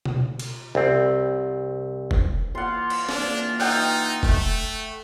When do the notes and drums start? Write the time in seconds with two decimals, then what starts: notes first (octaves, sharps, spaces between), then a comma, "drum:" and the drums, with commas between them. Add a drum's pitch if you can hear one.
0.05 drum: tom B2
0.39 drum: cymbal
0.75 C2 C4
2.11 drum: kick
2.55 E3 A#3 F4 F#5 C6
2.90 drum: cymbal
3.09 D4, drum: snare
3.60 D#4 F#5 G5 E6
4.23 A3, drum: kick